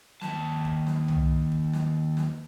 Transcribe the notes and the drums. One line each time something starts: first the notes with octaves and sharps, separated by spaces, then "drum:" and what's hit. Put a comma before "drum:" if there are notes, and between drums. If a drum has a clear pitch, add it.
D#2 A5, drum: snare
drum: kick
drum: snare
drum: tom C2
drum: kick
drum: snare
drum: snare